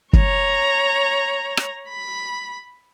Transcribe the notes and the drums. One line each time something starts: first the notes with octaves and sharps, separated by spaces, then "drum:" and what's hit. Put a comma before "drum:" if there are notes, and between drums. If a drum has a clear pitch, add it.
C#5 A#5, drum: kick
drum: rim click
B5